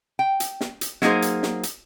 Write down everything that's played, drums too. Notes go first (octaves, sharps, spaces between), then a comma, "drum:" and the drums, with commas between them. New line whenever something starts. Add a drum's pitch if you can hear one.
G5
drum: hi-hat
drum: snare
drum: hi-hat
F#3 A#3 D#4 G#4 C5, drum: snare
drum: hi-hat
drum: snare
drum: hi-hat